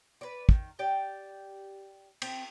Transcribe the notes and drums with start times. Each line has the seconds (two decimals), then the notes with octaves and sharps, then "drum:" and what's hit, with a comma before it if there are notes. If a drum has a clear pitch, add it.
0.21 B4 D5
0.49 D#3, drum: kick
0.79 G4 D5 G5
2.22 C4, drum: cymbal